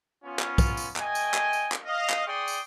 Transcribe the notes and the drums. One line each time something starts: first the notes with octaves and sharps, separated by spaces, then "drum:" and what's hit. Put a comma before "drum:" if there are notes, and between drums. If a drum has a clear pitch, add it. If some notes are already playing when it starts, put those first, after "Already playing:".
B3 C#4 F4
drum: clap
drum: kick, tambourine
drum: tambourine
A3 D#5 G5 G#5, drum: clap
drum: tambourine
drum: clap
drum: tambourine
drum: clap
D#5 F5
drum: clap
G#4 D5 G5 C6 C#6 D#6
drum: tambourine